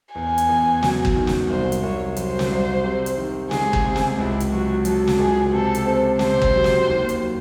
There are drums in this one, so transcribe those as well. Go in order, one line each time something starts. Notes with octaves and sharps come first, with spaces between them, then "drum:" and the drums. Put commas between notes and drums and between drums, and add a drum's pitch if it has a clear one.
E2 G#5
drum: hi-hat
E2
F#3, drum: snare
drum: kick
D#3
drum: snare
C2 C5
drum: hi-hat
C2 C#5
F#3 C5, drum: hi-hat
drum: snare
C2
C3
drum: hi-hat
D#3
G#3 G#4, drum: snare
drum: kick
C3
drum: snare
C#2 E4
drum: hi-hat
F#3 F#4
F#3 A4, drum: hi-hat
drum: snare
C#2 G#4
C3 A4
drum: hi-hat
C4
C3 C5, drum: snare
drum: kick
F#3
drum: snare
D#2
drum: hi-hat
F#3